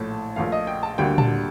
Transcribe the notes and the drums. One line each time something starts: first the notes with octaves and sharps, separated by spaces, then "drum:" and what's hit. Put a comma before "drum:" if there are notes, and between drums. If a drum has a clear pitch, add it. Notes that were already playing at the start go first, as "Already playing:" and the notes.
Already playing: A#1 A2 A3 A5
A#1 A#2 A3 F5
D#5
G5
A5
D2 D3 G3 A#3 G5
A5, drum: tom